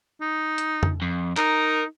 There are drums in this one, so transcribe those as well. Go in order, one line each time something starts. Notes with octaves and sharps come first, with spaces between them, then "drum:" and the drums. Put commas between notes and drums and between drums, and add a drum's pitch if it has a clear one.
D#4
drum: hi-hat
drum: tom F2
F2
D#4 A#4, drum: clap